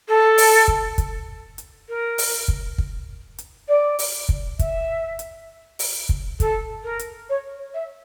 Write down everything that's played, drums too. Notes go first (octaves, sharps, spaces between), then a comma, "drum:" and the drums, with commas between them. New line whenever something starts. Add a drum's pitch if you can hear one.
A4
drum: open hi-hat
drum: kick
drum: kick, hi-hat
drum: hi-hat
A#4
drum: open hi-hat
drum: kick
drum: kick
drum: hi-hat
D5
drum: open hi-hat
drum: kick
E5, drum: kick, hi-hat
drum: hi-hat
drum: open hi-hat
drum: kick
A4, drum: kick, hi-hat
A#4
drum: hi-hat
C#5
E5